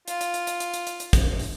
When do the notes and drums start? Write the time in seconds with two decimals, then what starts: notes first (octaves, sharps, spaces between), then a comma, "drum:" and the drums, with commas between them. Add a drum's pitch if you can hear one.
0.08 F4, drum: hi-hat
0.21 drum: hi-hat
0.34 drum: hi-hat
0.47 drum: hi-hat
0.60 drum: hi-hat
0.74 drum: hi-hat
0.87 drum: hi-hat
1.00 drum: hi-hat
1.13 drum: kick, hi-hat
1.39 drum: open hi-hat